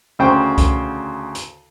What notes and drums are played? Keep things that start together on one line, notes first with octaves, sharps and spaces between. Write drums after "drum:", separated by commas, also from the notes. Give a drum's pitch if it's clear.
D2 C#3 C5 G5 C#6
drum: kick C2, hi-hat
drum: hi-hat